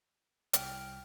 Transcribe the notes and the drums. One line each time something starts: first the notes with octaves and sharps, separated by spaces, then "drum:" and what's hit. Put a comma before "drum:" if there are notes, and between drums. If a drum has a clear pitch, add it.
C2 G5 F6, drum: hi-hat